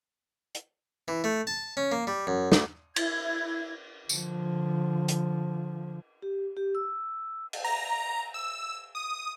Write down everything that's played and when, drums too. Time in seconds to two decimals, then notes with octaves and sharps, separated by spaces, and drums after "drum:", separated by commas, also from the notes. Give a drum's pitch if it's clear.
0.55 drum: hi-hat
1.08 E3
1.24 A3
1.47 A5
1.77 C#4
1.92 A#3
2.07 G3
2.27 F#2
2.52 D2, drum: snare
2.96 E4 G#6, drum: cymbal
4.09 D3 F3, drum: tambourine
5.08 drum: hi-hat
6.22 G4
6.57 G4
6.75 E6
7.53 drum: cymbal
7.64 A#5
8.34 E6
8.95 D#6